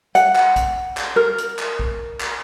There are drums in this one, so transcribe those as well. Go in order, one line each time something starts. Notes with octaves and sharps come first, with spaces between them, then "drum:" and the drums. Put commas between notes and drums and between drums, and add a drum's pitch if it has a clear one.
F#5, drum: hi-hat
drum: clap
drum: kick A#1, hi-hat
drum: clap
A#4
drum: hi-hat
drum: clap
drum: kick A#1
drum: clap